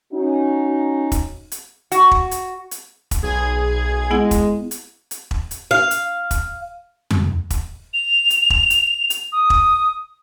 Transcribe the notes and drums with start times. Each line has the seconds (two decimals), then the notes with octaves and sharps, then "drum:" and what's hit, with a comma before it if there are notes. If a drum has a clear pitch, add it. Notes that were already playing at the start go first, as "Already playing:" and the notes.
0.13 C#4 D#4 F#4
1.12 drum: kick E1, hi-hat
1.52 drum: hi-hat
1.92 F#4, drum: hi-hat
2.11 drum: kick E1
2.31 drum: hi-hat
2.71 drum: hi-hat
3.11 drum: kick E1, hi-hat
3.22 B1 G#4 G#6
4.11 G#3 B3 E4 F#5
4.31 drum: kick E1, hi-hat
4.71 drum: hi-hat
5.11 drum: hi-hat
5.31 drum: kick E1
5.51 drum: hi-hat
5.71 F5
5.91 drum: hi-hat
6.31 drum: kick E1, hi-hat
7.11 drum: tom F2
7.50 drum: kick E1, hi-hat
7.94 F7
8.30 drum: hi-hat
8.50 drum: kick E1
8.70 drum: hi-hat
9.10 drum: hi-hat
9.32 D#6
9.50 drum: kick E1